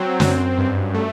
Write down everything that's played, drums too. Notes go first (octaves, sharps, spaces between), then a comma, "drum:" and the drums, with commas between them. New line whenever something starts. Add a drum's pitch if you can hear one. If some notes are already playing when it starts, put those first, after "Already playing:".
Already playing: F#3 C4
F#2, drum: snare
G2
A3